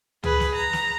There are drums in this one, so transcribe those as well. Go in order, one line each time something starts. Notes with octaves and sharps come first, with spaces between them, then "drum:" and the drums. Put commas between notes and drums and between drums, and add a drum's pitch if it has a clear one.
G#4 B4, drum: tom
drum: snare
A#5
drum: snare